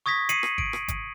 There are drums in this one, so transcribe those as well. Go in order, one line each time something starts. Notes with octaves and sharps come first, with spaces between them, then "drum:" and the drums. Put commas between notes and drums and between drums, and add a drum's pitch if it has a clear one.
C#6 D#6 G#6 A#6 B6
C7 C#7 D#7 F#7, drum: hi-hat
drum: rim click
D7, drum: kick G1
drum: rim click
drum: kick G1, hi-hat